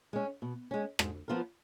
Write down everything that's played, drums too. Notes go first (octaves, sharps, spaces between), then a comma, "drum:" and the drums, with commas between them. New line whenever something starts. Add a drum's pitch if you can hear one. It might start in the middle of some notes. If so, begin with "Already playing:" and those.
G#3 C#4
B2
G#3 C#4
G#2, drum: rim click
F3 B3 F4 A#4